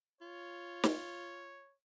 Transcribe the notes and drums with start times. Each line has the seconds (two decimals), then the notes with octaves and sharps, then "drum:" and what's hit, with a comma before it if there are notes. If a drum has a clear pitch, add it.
0.21 F4 C#5
0.84 drum: snare